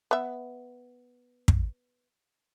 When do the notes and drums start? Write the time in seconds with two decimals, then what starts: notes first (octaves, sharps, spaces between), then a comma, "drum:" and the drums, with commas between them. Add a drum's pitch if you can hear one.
0.11 B3 E5
1.48 drum: kick